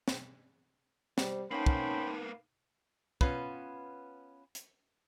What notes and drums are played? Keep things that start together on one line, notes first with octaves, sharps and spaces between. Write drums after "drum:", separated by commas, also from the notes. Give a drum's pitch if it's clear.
drum: snare
G3 C5, drum: snare
A#3 B3 C#4 D#4 C5 G5 A5 B5
drum: kick
B3 C#4 F4 B4, drum: kick
drum: hi-hat